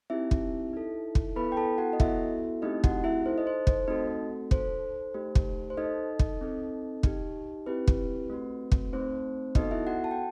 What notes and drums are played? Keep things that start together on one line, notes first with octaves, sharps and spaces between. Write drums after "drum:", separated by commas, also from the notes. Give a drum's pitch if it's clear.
C4 D#4 E4 G4 E5
drum: kick
D#4 A4
drum: kick
B3 E4 A4 B4 B5
G5
A4 A5
F#4 F#5
D#5
B3 E4 F#4 A4 E5, drum: kick
A3 C4 D#4 E4 G4 D#5
F#4 F#5, drum: kick
E4 E5
D#4 A4 C5
D#5
C5
C5, drum: kick
A3 C4 D#4 F#4 A4 D#5
D#4 A4 C5, drum: kick
A3 D#4 G4
drum: kick
C5
D#4 A4 D#5
drum: kick
C4 D#4 A4
D#4 G4, drum: kick
C4 E4 G4 B4
drum: kick
A3 C4 F#4
drum: kick
A3 C4 D#4 C5
B3 D#4 F#4 A4 D#5, drum: kick
E4 E5
F#4 F#5
A5
G5